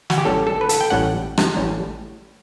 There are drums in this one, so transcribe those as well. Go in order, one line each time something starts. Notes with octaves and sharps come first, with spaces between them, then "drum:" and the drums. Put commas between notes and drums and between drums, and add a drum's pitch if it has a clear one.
F#4, drum: snare
G4
A1 A2 G3 C#4 A4
A4
B4
A4, drum: hi-hat
G5
A1 A2 G3 C#4 F#5
drum: rim click
A1 A2 G3 C#4